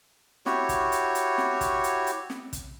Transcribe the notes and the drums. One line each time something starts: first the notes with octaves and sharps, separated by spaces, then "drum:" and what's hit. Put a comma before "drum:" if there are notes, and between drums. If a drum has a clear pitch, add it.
E4 F#4 G4 C#5, drum: snare
drum: kick, hi-hat
drum: hi-hat
drum: hi-hat
drum: snare
drum: kick, hi-hat
drum: hi-hat
drum: hi-hat
drum: snare
drum: kick, hi-hat